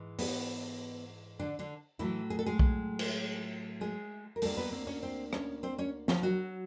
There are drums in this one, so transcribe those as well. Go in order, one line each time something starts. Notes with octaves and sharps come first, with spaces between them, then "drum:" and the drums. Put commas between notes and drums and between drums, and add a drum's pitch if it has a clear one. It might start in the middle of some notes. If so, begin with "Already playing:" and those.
Already playing: G#2 E3 G#3
B3, drum: open hi-hat
D3 D4
D3 D4
A2 E3 F#3 A3 E4
G#4
A4
G#3 G#4
drum: kick
drum: cymbal
G#3 G#4
A#4
D2 D3 G3 A3 A#3 A4, drum: open hi-hat
B3 B4
C4 C5
C#4 C#5
C4 C5
C#4 C#5, drum: rim click
C4 C5
C#4 C#5
F3 F4, drum: snare
F#3 F#4